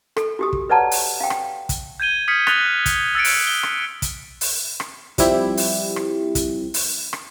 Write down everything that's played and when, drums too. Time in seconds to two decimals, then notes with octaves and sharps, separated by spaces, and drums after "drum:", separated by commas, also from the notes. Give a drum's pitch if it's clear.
0.17 A4, drum: rim click
0.39 F#4 G4 D#6
0.53 drum: kick
0.70 B4 C#5 D5 F#5 A5 A#5
0.91 drum: open hi-hat
1.20 F5 G5
1.30 drum: rim click
1.69 drum: kick, hi-hat
2.00 G6 G#6 D#7 G7
2.28 D#6 F6 G#6 B6 C#7
2.47 D#6 F#6 A6 B6 F7 G7, drum: rim click
2.86 drum: kick, hi-hat
3.15 E6 A6 C#7 D7
3.24 drum: open hi-hat
3.47 G7
3.63 drum: rim click
4.02 drum: kick, hi-hat
4.41 drum: open hi-hat
4.80 drum: rim click
5.18 F3 G3 C4 E4 G4, drum: kick, hi-hat
5.57 drum: open hi-hat
5.96 drum: rim click
6.35 drum: kick, hi-hat
6.74 drum: open hi-hat
7.13 drum: rim click